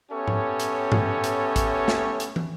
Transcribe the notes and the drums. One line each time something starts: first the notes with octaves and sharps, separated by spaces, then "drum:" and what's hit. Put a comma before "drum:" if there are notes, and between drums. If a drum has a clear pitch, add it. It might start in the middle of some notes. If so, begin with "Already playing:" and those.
B3 C#4 G4 A4 C#5 E5
drum: tom G#2
drum: hi-hat
drum: tom G2
drum: hi-hat
drum: kick, hi-hat
drum: snare
drum: hi-hat
drum: tom